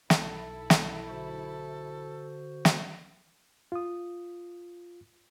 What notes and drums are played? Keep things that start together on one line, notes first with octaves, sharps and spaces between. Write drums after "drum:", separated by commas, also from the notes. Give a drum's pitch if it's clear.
B1 E4 A4, drum: snare
drum: snare
D3 F#4 C5
drum: snare
F4 D#6